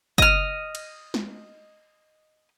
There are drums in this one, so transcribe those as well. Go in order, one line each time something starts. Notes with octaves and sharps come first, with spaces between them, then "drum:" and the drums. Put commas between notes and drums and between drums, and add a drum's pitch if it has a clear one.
D#5 F6, drum: kick G1
drum: cymbal
drum: snare